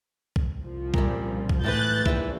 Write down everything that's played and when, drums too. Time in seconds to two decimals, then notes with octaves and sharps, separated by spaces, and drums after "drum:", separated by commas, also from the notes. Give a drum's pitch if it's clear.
0.36 drum: kick
0.62 C2 F3
0.94 A#2 C#3 G3, drum: kick
1.49 drum: kick
1.64 A2 E3 B4 F#6 G6 A6
2.06 A#1 E3 E4, drum: kick